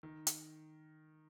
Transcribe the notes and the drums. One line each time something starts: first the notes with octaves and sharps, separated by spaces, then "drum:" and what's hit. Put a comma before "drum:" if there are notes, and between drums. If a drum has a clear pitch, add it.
D#3
drum: hi-hat